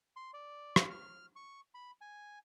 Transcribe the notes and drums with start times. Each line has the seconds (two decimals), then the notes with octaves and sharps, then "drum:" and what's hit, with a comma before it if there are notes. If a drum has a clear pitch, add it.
0.16 C6
0.34 D5
0.76 drum: rim click
0.90 F6
1.36 C#6
1.74 B5
2.01 G#5